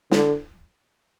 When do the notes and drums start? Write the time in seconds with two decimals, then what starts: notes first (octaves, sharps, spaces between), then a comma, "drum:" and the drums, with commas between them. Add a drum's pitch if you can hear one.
0.11 D3, drum: snare